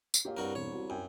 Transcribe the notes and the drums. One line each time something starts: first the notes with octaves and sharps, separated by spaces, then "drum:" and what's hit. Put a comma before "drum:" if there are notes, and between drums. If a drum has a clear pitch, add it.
drum: tambourine
A#2 G4 C#5 F5
C2 G2 F#4 A#4
E1 C#5
F#4
F#2 G5 G#5